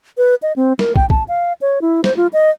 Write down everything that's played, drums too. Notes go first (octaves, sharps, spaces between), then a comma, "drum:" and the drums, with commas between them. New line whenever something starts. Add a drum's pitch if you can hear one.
B4
D#5
C4
A#4, drum: snare
G5, drum: kick
A5, drum: kick
F5
C#5
E4
C5, drum: snare
F4
D#5